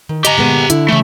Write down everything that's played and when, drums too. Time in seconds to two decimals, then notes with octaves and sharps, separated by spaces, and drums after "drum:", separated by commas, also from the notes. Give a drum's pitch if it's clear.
0.09 D#3
0.25 G4 D#5 G#5 A#5, drum: hi-hat
0.37 A#2 G#3 B3
0.70 D3 E4, drum: hi-hat
0.88 C#3 E3 A3